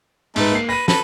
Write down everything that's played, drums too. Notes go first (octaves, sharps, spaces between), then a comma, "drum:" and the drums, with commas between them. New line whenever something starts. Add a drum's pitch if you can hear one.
G#2 A3 D#4 B4, drum: cymbal
A#3 C7
B4 A#6 D#7
A4 B4, drum: snare